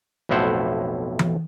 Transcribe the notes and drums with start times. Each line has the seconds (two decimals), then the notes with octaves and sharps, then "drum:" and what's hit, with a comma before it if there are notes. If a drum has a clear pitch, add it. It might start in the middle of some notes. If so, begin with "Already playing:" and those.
0.29 B1 F2 A2 E4 C5 F#5
1.19 drum: tom E3